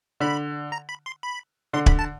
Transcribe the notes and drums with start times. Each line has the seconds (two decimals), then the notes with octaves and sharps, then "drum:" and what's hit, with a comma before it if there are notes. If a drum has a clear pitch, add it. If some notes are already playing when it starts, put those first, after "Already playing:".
0.20 D3 B5
0.72 A#5
0.89 B5
1.06 C6
1.23 B5
1.73 D3 C6
1.86 B5, drum: kick
1.99 A5